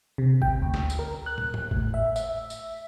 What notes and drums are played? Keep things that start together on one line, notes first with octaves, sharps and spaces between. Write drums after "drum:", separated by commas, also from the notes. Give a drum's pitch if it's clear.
C3
G5, drum: kick G#1
D2
drum: snare
drum: tambourine
A#4
F#6
drum: tom
drum: tom
A2, drum: kick G#1
E5
E5, drum: tambourine
drum: tambourine